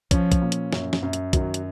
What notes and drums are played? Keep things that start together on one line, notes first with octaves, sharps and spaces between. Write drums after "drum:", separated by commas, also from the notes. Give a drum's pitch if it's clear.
F3 C#4, drum: kick, hi-hat
drum: kick, hi-hat
A#2
drum: hi-hat
F#2, drum: snare
drum: snare
F#2
drum: hi-hat
D#3 F#3, drum: kick, hi-hat
drum: hi-hat